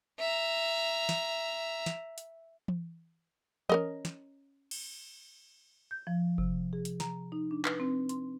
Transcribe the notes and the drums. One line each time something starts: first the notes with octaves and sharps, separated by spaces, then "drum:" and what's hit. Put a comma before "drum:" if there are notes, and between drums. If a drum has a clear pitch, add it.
E5 A#5
drum: snare
drum: snare
drum: hi-hat
drum: tom E3
C#4 A#4 D#5, drum: tom E3
drum: snare
drum: cymbal
G6
F3
C3, drum: kick F#1
G#4
drum: hi-hat
A#5, drum: snare
D#4
D4
B4, drum: clap
C4
C6, drum: hi-hat